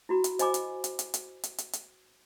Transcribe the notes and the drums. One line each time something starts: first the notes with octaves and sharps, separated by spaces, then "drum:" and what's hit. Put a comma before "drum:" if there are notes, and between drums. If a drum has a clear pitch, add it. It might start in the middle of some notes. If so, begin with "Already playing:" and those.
E4 F#4 B5
drum: hi-hat
C5 D#5 G#5 B5 D6, drum: hi-hat
drum: hi-hat
drum: hi-hat
drum: hi-hat
drum: hi-hat
drum: hi-hat
drum: hi-hat
drum: hi-hat